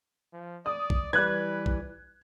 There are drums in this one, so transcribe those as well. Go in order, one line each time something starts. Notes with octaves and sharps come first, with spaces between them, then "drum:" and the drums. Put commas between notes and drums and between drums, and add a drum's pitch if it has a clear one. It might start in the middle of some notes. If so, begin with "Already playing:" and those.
F3
D5 D#6
drum: kick A#1
E3 G3 B4 F#6 G#6
drum: kick A#1